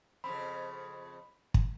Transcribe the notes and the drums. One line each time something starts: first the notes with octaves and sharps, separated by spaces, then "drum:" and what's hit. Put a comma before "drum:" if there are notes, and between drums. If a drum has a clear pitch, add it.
F2 C#3 C4 B5
drum: kick